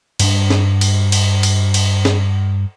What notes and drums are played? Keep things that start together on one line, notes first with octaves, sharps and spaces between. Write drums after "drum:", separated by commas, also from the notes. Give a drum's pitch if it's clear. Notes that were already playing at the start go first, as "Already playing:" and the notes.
G2 D4, drum: cymbal
drum: snare
drum: cymbal
drum: cymbal
drum: cymbal
drum: cymbal
drum: snare